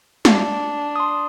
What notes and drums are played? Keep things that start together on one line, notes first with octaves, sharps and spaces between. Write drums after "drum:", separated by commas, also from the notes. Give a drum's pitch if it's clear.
D4, drum: snare
C6 D#6